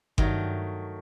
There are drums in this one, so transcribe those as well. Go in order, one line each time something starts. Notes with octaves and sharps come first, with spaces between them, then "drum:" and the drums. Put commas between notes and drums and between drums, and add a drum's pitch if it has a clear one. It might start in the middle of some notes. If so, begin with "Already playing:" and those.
G2 D#3 F#3 A3, drum: kick G1